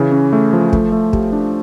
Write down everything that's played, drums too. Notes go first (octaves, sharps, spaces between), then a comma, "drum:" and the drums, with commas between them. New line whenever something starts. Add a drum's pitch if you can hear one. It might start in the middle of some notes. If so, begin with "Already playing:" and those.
Already playing: C#3 E3
C#4
A3
F3
A3, drum: kick
A3
G4, drum: kick
D4